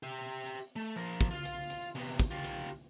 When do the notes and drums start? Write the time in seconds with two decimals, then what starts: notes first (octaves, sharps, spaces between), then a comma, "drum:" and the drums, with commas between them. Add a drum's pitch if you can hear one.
0.03 G4 E5
0.46 drum: hi-hat
0.76 A3
0.96 F3 A#4
1.21 drum: kick, hi-hat
1.31 F4 F5
1.45 drum: hi-hat
1.70 drum: hi-hat
1.95 C3 B3, drum: open hi-hat
2.20 drum: kick, hi-hat
2.31 F4 G4
2.44 drum: hi-hat